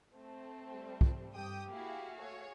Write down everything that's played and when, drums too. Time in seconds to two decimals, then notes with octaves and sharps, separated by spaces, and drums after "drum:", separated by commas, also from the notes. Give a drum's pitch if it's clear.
0.14 A3 C4
0.73 G3
1.01 drum: kick
1.35 G2 G4 G5 D#6
1.71 A#3 E4 F#4 G#4 F5
2.18 A3 G#4 C#5